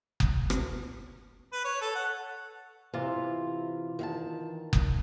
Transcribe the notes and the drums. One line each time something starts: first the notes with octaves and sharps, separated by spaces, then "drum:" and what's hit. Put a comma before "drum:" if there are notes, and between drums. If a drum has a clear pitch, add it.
drum: kick F#1
drum: rim click
B4
C#5
A4
F#5
C3 E3 F4
D#3 F5 A5
drum: kick F#1